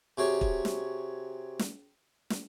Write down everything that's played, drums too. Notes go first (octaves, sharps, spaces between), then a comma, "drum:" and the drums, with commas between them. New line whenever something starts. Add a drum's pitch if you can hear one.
C3 F#4 G#4 C#5
drum: kick
drum: snare
drum: snare
drum: snare